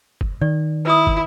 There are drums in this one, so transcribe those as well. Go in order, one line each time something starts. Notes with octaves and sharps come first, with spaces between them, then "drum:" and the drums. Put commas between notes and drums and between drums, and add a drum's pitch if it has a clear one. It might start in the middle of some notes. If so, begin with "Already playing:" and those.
drum: kick
D#3 D5
E4 B4 D#6
drum: kick